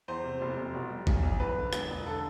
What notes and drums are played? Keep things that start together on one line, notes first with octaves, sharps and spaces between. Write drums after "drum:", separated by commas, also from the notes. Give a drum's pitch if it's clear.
E2 C5
C3
F1
F1
B2
G3
B1, drum: kick
B1
E2 B4
D3
E1, drum: rim click
E1
D3 A4